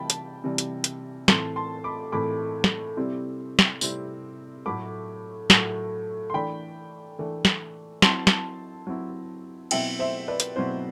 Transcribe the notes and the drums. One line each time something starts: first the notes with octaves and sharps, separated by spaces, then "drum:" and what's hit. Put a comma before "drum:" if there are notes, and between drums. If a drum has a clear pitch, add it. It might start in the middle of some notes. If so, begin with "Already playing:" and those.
Already playing: C3 E3 G3 G5 A5 B5
drum: hi-hat
C3 E3 G3
drum: hi-hat
drum: hi-hat
A2 E3 A3 C4 A5 C6, drum: snare
A5 C6
B5 D6
A2 E3 A3 C4 B5 D6
drum: snare
C3 G3 C4 E4
drum: snare
C3 G3 C4 E4, drum: tambourine
A2 F#3 A3 B5 D6
A2 F#3 A3, drum: snare
C6
E3 A3 D4 G5 B5
E3 A3 D4
drum: snare
F#3 C4 E4 A5 C6, drum: snare
drum: snare
F#3 C4 E4
B2 F#3 C4 E4 E5 G5, drum: cymbal
C5 E5
B4 D5
drum: hi-hat
B2 F#3 C4 E4 C5